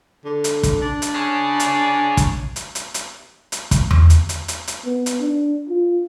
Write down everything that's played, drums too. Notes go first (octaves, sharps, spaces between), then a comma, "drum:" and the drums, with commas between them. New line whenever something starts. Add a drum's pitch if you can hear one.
D3
drum: hi-hat
drum: kick, hi-hat
D4
drum: hi-hat
G#4 C#5
drum: hi-hat
drum: kick, hi-hat
drum: hi-hat
drum: hi-hat
drum: hi-hat
drum: hi-hat
drum: kick, hi-hat
drum: tom E2
drum: hi-hat
drum: hi-hat
drum: hi-hat
drum: hi-hat
B3
drum: hi-hat
D4
F4